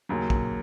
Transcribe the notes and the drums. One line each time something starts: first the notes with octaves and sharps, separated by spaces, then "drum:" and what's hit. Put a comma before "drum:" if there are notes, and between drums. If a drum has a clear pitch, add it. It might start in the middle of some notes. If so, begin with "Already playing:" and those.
D#2 C#3 F#3
drum: kick